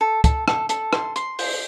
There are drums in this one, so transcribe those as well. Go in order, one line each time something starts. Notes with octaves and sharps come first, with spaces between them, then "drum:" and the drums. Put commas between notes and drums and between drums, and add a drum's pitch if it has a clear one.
A4
A4, drum: kick, hi-hat
A4, drum: rim click
A4, drum: hi-hat
C6, drum: rim click
C6, drum: hi-hat
C5, drum: open hi-hat